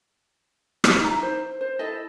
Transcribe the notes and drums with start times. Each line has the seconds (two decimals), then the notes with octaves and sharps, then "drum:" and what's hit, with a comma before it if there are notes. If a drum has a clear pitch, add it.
0.84 F#5, drum: rim click
1.00 D#4 E4 A#5
1.23 C5
1.61 C5
1.79 E4 A4 D#5